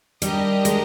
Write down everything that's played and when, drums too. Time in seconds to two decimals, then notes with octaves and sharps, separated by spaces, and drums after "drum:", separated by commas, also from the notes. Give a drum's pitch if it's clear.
0.22 G3 D4 G4 A#4 D#5, drum: hi-hat
0.65 G#3, drum: hi-hat